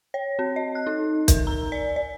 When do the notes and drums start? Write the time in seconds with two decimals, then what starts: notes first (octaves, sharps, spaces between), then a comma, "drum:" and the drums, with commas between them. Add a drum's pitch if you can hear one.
0.14 C#5
0.39 C4
0.56 D#5
0.75 F#6
0.87 D#4
1.28 A#4, drum: kick, hi-hat
1.47 A#5
1.72 D5
1.96 D5